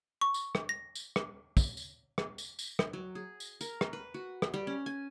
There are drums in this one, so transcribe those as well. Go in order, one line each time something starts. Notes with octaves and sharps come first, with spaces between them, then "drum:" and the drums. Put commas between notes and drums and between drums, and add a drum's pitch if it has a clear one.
C#6
drum: tambourine
drum: rim click
A#6
drum: tambourine
drum: rim click
drum: kick, tambourine
drum: tambourine
drum: rim click
drum: tambourine
drum: tambourine
drum: rim click
F#3
G#4
drum: tambourine
A#4, drum: tambourine
drum: rim click
B4
F#4
drum: rim click
G3
C#4
G#5